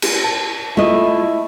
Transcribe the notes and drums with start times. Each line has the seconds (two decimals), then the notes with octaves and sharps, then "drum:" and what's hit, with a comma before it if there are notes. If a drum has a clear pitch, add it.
0.02 drum: cymbal
0.24 A5
0.77 A3 E4 F4 D#5